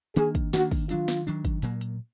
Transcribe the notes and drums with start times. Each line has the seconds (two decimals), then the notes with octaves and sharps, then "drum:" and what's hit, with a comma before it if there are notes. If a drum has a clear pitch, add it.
0.16 D#3 A#3 D4 G#4, drum: hi-hat
0.35 drum: kick, hi-hat
0.53 D#3 A#3 D4 F#4, drum: snare
0.71 drum: kick, open hi-hat
0.89 D#3 F#3 D4 F4, drum: hi-hat
1.08 drum: snare
1.27 D#3 F#3 D4
1.45 drum: kick, hi-hat
1.62 A#2 F#3 A#3, drum: hi-hat
1.81 drum: hi-hat